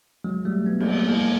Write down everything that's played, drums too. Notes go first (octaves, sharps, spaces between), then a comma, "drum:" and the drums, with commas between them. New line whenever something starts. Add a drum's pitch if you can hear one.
F#3 G#3
G3 A3
A3 B3
G#3 A#3, drum: cymbal
G3 A3
G#3 A#3